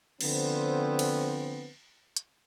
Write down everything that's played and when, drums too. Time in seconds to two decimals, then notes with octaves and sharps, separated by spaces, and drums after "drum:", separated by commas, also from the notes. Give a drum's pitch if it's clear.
0.21 D3 F3 B3 C4, drum: cymbal
0.99 drum: cymbal
2.17 drum: hi-hat